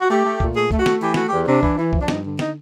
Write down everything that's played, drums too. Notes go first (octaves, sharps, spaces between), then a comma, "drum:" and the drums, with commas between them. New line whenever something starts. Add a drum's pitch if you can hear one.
F#4
A3 G4
A3
A#2, drum: kick C2
A3 G#4
A3, drum: kick C2
F#4
A3, drum: snare
E3 G4
A3 F#4, drum: snare
G4
E2
C3 D4
E3, drum: kick C2
E3
F3, drum: kick C2
D4
G2 D#4, drum: snare
D3
D#4, drum: snare